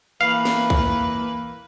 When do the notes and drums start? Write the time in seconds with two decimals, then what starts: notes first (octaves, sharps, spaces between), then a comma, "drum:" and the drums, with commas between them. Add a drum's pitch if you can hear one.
0.21 E3 A#3 B4 F5
0.45 drum: snare
0.70 drum: kick B1